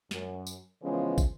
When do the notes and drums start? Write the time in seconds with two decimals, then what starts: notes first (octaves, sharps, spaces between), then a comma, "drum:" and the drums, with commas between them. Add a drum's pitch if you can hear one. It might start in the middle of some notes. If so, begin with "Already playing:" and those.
0.11 F#2, drum: snare
0.47 drum: tambourine
0.83 C#3 E3 F3 G#3 B3 C#4
1.18 drum: kick, tambourine